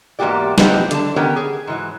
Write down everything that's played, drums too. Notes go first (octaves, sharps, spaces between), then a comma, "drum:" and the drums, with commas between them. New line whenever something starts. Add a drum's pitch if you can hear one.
E2 G#2 A#3 F#4 G4 D5
F3 B3 C4 D#4 F4 G4, drum: snare
D3 A5, drum: hi-hat
D#3 B3 C#4 G4 A#4 C#5
G#4
G#2 E3 F#3